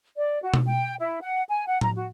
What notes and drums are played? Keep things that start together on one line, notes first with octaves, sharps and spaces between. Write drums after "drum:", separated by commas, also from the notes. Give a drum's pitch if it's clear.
D5
F#4
drum: tom B2
G5
E4
F#5
G#5
F#5
A#5, drum: tom A2
F#4